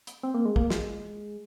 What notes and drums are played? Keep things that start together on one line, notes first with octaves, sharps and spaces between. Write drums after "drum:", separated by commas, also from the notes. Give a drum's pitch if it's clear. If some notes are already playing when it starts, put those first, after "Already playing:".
drum: hi-hat
C4
A#3
G#3
A#3, drum: kick
G#3, drum: snare